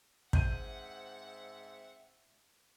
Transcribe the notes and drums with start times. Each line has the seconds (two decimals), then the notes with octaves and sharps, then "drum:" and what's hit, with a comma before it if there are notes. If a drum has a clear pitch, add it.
0.33 G#2 C4 E5 F#5 G6 D#7, drum: kick